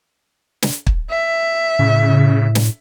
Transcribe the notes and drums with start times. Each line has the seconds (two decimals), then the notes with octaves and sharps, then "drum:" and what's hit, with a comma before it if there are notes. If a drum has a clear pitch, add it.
0.62 drum: snare
0.87 drum: kick
1.11 E5
1.79 A2 C#3
2.55 drum: snare